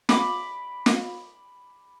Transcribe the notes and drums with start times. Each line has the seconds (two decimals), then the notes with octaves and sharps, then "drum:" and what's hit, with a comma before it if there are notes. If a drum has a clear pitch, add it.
0.09 B5 D6, drum: snare
0.86 drum: snare